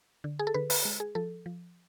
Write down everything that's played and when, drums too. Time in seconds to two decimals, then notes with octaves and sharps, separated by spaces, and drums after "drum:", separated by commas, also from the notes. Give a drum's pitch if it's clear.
0.24 D3
0.39 G#4
0.47 A4
0.54 D3 B4
0.70 B4, drum: open hi-hat
0.85 G#3
1.00 G#4
1.15 F3 A4
1.46 F3